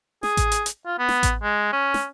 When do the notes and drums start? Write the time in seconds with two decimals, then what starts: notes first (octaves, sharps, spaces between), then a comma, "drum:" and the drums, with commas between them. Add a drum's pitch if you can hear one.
0.23 G#4, drum: snare
0.37 drum: kick A1, hi-hat
0.52 drum: hi-hat
0.66 drum: hi-hat
0.86 F4
0.99 B3
1.09 drum: snare
1.23 drum: kick A1, hi-hat
1.43 G#3
1.73 C#4
1.94 drum: snare